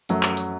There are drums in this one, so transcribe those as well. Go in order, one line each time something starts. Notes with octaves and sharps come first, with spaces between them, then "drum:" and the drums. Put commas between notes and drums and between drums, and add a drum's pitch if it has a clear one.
F#2 F#3 A3, drum: hi-hat
drum: clap
drum: hi-hat